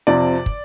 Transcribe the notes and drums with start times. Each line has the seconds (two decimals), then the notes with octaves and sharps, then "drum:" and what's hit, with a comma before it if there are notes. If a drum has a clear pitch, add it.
0.07 F2 C3 F3 D5
0.46 drum: kick